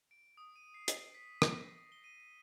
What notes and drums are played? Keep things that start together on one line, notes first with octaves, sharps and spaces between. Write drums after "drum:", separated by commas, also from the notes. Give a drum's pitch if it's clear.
D7
D#6
D#7
C7
E6, drum: hi-hat
B6
drum: rim click
A#6
G7
D#7